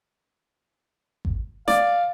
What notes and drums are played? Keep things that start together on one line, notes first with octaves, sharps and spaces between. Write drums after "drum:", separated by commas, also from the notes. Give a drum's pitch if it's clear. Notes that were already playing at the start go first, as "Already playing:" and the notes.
drum: kick G#1
D5 F5, drum: snare